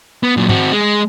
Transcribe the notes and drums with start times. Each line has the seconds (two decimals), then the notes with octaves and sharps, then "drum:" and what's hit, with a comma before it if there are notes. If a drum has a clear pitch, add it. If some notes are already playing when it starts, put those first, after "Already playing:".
0.23 B3
0.37 A#2 F#3
0.49 C4 F#4, drum: tom G#2
0.72 G#3